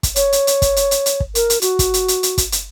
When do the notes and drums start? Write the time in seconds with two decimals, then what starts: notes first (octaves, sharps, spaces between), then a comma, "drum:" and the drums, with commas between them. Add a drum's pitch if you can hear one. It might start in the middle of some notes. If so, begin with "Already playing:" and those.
0.03 drum: kick, hi-hat
0.16 C#5, drum: hi-hat
0.32 drum: hi-hat
0.47 drum: hi-hat
0.62 drum: kick, hi-hat
0.76 drum: hi-hat
0.91 drum: hi-hat
1.06 drum: hi-hat
1.20 drum: kick
1.35 A#4, drum: hi-hat
1.50 drum: hi-hat
1.62 F#4, drum: hi-hat
1.79 drum: kick, hi-hat
1.94 drum: hi-hat
2.08 drum: hi-hat
2.23 drum: hi-hat
2.38 drum: kick, hi-hat
2.52 drum: hi-hat